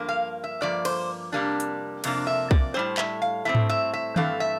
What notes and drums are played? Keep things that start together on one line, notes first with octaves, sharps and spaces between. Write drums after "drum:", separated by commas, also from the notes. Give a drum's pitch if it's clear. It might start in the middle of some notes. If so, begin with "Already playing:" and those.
Already playing: G2 F3 A#3
F5
E5
G2 F3 A#3 D5
C5, drum: cymbal
F2 C3 G3 A#3 D4
drum: hi-hat
F2 C3 A#3 D4, drum: cymbal
E5
D5, drum: kick
A2 G3 C4 C5
E5, drum: clap
F5
A2 G3 C4 E5
drum: tom G#2
E5
E5
G2 E3 A3 C4 F5, drum: tom D#3
E5